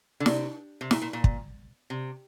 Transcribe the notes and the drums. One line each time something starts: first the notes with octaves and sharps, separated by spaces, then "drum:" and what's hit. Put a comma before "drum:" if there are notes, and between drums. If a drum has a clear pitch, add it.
D3
C3, drum: snare
C3
A#2, drum: snare
A#2
A#2
drum: kick
C3